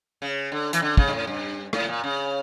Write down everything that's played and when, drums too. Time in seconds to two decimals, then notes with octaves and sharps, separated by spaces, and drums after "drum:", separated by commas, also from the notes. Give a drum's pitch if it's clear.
0.22 C#3
0.52 D3
0.73 E3, drum: hi-hat
0.82 D3
0.97 C#3, drum: kick
1.08 G2
1.13 A2
1.27 G2
1.73 A2, drum: rim click
1.88 A#2
2.04 C#3